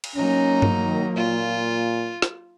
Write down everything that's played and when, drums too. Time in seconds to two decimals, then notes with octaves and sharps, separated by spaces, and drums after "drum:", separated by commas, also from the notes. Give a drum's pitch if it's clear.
0.04 drum: cymbal
0.16 F#3 A#3 C#4 D#4 A#5
0.62 drum: tom G2
0.84 D#3
1.16 A#2 F4
2.22 drum: rim click